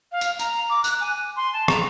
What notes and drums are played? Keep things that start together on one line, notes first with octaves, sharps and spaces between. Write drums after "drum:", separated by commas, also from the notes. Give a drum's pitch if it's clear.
F5
drum: tambourine
A#5, drum: tambourine
D6
F#6, drum: tambourine
G#5
C6
A5
A#5, drum: rim click